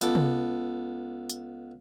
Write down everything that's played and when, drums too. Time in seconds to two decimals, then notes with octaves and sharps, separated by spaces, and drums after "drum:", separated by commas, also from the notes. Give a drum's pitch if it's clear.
0.01 C#2 B3 A4 D6, drum: hi-hat
0.15 drum: tom C3
1.30 drum: hi-hat